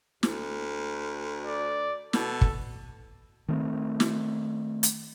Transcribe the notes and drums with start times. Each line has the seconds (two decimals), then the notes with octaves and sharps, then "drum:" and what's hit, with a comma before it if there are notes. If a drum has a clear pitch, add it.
0.23 D2, drum: snare
1.45 D5
2.13 B2 A4, drum: snare
2.41 drum: kick
3.48 D#3 A3 C4
4.00 drum: snare
4.83 drum: hi-hat